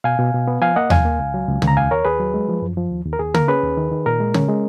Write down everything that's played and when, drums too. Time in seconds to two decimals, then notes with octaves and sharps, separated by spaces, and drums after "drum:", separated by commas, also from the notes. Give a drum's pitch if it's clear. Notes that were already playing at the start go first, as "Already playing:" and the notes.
0.04 B2 F5 G#5
0.19 B2
0.34 B2
0.48 B3
0.61 F3 F5 G#5
0.76 A#3 D#5 F#5
0.90 F2 F5 G#5, drum: tom D#2
1.05 A#3
1.19 C#2
1.34 F#3
1.48 C#2
1.62 C#2, drum: tom
1.68 A#5
1.77 D#2 F5 G#5
1.91 D#2 A#4 C#5
2.05 D#2 G#4 B4
2.20 F#3
2.34 G#3
2.49 F3
2.62 F#2
2.77 F3
2.91 D#2
3.05 D#2
3.13 A#4
3.19 D#2 G#4
3.34 A#3 A#4, drum: tom
3.48 C#4 G#4 B4
3.63 D#2
3.77 D#3
3.92 D#3
4.06 A#2 A#4
4.20 G#3
4.34 C#4, drum: tom
4.49 G#3